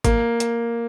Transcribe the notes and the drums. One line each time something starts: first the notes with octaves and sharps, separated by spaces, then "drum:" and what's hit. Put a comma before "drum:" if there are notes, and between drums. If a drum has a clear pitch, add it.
A#3, drum: kick G#1, hi-hat
drum: hi-hat